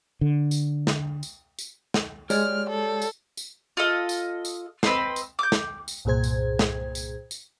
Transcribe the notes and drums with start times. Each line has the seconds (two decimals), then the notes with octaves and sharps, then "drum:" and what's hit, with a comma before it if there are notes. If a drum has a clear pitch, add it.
0.21 D3
0.51 drum: tambourine
0.87 drum: snare
1.23 drum: tambourine
1.59 drum: tambourine
1.94 drum: snare
2.30 G#3 G4 C#5 D5 F6, drum: tambourine
2.70 A4
3.02 drum: tambourine
3.37 drum: tambourine
3.77 F4 A4 D#5
4.09 drum: tambourine
4.45 drum: tambourine
4.83 C4 B4 D#5 C6, drum: snare
5.16 drum: tambourine
5.39 D6 G6
5.52 drum: snare
5.88 drum: tambourine
6.05 C2 G2 A#2 G#4 C5 G#6
6.24 drum: tambourine
6.59 drum: snare
6.95 drum: tambourine
7.31 drum: tambourine